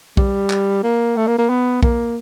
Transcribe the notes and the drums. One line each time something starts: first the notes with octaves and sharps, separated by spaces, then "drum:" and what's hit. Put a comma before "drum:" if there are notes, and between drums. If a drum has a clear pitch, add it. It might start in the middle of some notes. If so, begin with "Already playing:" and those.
G3, drum: kick B1
drum: clap
A#3
A3
A#3
A#3
B3
A#3, drum: kick B1